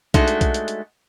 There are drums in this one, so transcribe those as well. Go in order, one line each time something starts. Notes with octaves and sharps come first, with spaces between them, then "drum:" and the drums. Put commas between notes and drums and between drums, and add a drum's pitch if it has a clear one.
G#3 A3 D4 D#4 F#4, drum: kick B1, hi-hat
drum: hi-hat
drum: kick B1, hi-hat
drum: hi-hat
drum: hi-hat